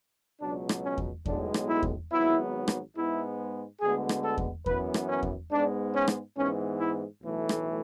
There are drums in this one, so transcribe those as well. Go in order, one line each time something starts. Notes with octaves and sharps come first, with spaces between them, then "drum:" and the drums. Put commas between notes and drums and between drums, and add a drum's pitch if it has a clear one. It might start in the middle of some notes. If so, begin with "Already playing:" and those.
C#2 B2 F#3 D4
drum: rim click
C#4
drum: kick E2
B1 A2 G#3 B3 D4, drum: kick E2
drum: rim click
E4
drum: kick E2
G#1 G#2 F#3 B3 E4
drum: rim click
G#2 G#3 B3 E4
D2 D3 G#3 B3 G#4
drum: rim click
A4
drum: kick E2
F#2 E3 B3 B4, drum: kick E2
drum: rim click
C#4
drum: kick E2
G#2 G#3 B3 D4
C#4
drum: rim click
G#2 E3 B3 C#4
E4
B1 A2 E3 A3
drum: rim click